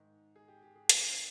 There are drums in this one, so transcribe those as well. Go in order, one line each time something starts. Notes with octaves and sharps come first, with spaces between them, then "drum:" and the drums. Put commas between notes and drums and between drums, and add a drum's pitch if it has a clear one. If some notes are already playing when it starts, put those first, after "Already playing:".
Already playing: G#2 D#3
G#4
G4
G4
G#4
F2 C3 D#3 C5, drum: hi-hat